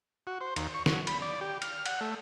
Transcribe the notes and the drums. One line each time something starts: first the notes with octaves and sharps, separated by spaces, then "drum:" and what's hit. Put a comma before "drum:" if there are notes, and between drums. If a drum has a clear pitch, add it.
F#4
C5
D#2, drum: cymbal
C#6
F#3, drum: snare
B5, drum: cymbal
D5
G4
F6, drum: cymbal
F#5, drum: cymbal
A3